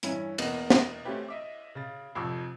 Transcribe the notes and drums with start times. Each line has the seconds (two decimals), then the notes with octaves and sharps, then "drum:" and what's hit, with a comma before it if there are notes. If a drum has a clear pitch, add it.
0.03 G2 E3 C#4 E4, drum: hi-hat
0.38 E1 E2 A#3 B3 D#5, drum: cymbal
0.70 drum: snare
1.05 A3 C4 C#4 F#4 G4 B4
1.28 D#5 E5 D6
1.75 C#3 A6
2.15 F1 F2 C#6 D6 E6